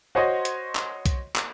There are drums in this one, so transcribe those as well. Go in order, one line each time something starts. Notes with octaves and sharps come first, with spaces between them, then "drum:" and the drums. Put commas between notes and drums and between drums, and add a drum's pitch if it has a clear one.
F#4 C5 C#5 D#5 C6
drum: hi-hat
drum: clap
drum: kick B1, hi-hat
drum: clap